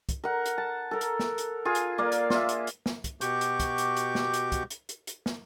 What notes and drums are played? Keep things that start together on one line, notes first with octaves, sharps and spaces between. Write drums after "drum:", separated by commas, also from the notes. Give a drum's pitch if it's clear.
drum: kick, hi-hat
A#4 F#5
drum: hi-hat
A5
A4 A#4
drum: hi-hat
drum: snare
drum: hi-hat
F4 G#4
drum: hi-hat
A#3 D5 F5
drum: hi-hat
F4 E5, drum: snare
drum: hi-hat
drum: hi-hat
drum: snare
drum: kick, hi-hat
B2 F#4 G4 C#6 D6 G6, drum: hi-hat
drum: hi-hat
drum: kick, hi-hat
drum: hi-hat
drum: hi-hat
drum: snare
drum: hi-hat
drum: kick, hi-hat
drum: hi-hat
drum: hi-hat
drum: hi-hat
drum: snare